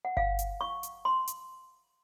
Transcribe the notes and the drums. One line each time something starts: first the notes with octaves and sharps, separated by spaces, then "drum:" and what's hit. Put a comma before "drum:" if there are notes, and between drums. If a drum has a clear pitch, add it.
F#5
F5, drum: kick G1
drum: hi-hat
C#6
drum: hi-hat
C6
drum: hi-hat